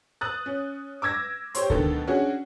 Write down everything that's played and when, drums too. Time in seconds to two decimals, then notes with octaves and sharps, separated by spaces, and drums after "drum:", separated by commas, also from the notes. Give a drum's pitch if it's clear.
0.21 D#6 F#6 A6
0.46 C#4
1.02 D6 E6 G#6 A#6
1.55 G4 C5 C#5 C6, drum: hi-hat
1.70 B2 D3 D#3 A3 A4, drum: kick D2
2.07 C#4 D4 F#4 G#4